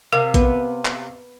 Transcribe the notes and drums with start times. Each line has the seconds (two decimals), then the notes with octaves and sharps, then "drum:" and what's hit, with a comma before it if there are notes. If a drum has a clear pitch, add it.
0.13 C3 A#4 F5
0.34 B3, drum: kick A1, hi-hat
0.85 drum: clap